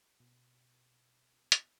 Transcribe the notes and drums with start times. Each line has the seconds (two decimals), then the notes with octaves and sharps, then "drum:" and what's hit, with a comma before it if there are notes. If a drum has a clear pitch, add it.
0.20 B2
1.52 drum: hi-hat